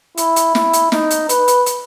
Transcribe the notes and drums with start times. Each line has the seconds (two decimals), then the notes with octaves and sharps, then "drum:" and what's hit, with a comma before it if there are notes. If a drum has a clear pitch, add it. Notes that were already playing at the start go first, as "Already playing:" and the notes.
0.17 E4, drum: hi-hat
0.36 drum: hi-hat
0.55 E4, drum: snare
0.73 drum: hi-hat
0.92 D#4, drum: snare
1.10 drum: hi-hat
1.29 B4, drum: hi-hat
1.48 drum: hi-hat
1.66 drum: hi-hat